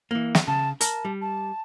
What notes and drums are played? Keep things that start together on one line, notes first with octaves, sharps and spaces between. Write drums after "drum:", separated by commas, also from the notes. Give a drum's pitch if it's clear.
E3 A#3
drum: snare
C#3 A5
A#4 A5, drum: hi-hat
G3
A5